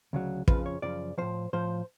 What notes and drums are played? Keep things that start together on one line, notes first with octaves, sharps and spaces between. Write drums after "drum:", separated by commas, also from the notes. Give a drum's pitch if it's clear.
D2 C#3 F#3
F2 C#3 F3 B4, drum: kick
C#5
F#2 C#3 F3 D5
A2 F3 C5
A2 F3 C5